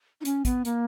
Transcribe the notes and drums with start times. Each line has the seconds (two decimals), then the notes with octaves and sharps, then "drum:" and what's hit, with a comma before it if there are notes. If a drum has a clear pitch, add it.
0.21 D#4
0.25 C#4, drum: hi-hat
0.45 B3, drum: kick, hi-hat
0.65 A#3, drum: hi-hat